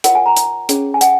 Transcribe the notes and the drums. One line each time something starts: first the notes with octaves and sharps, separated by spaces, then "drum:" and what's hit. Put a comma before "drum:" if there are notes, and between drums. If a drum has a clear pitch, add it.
F4 A#4 C#5 F#5, drum: hi-hat
G#5
A#5
drum: hi-hat
C#4 G#4 C#5, drum: hi-hat
G#5
F#5, drum: hi-hat